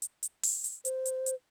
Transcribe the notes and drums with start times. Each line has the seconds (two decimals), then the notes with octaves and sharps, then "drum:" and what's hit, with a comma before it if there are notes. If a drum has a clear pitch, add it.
0.02 drum: hi-hat
0.23 drum: hi-hat
0.43 drum: open hi-hat
0.64 drum: hi-hat
0.85 C5, drum: hi-hat
1.05 drum: hi-hat
1.26 drum: hi-hat